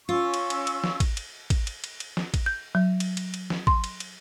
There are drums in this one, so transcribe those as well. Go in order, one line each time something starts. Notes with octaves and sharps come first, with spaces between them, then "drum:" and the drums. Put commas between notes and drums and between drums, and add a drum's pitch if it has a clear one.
C#4 F4 C#6 E6
drum: cymbal
drum: cymbal
drum: cymbal
drum: snare
drum: kick, cymbal
drum: cymbal
drum: kick, cymbal
drum: cymbal
drum: cymbal
drum: cymbal
drum: snare
drum: kick, cymbal
G6
F#3
drum: cymbal
drum: cymbal
drum: cymbal
drum: snare
C6, drum: kick
drum: cymbal
drum: cymbal